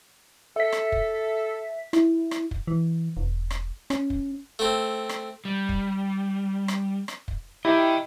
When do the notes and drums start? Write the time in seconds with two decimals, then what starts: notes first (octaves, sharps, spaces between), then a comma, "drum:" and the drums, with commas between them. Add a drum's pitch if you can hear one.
0.56 A4 E5 B6
0.72 drum: rim click
0.92 drum: kick
1.93 E4, drum: rim click
2.31 drum: rim click
2.51 drum: kick
2.68 E3
3.17 E1
3.50 drum: rim click
3.90 C#4, drum: rim click
4.10 drum: kick
4.59 A3 C4
5.09 drum: rim click
5.45 G3
5.69 drum: kick
6.68 drum: rim click
7.08 drum: rim click
7.28 drum: kick
7.65 E4 G4 D#5 G5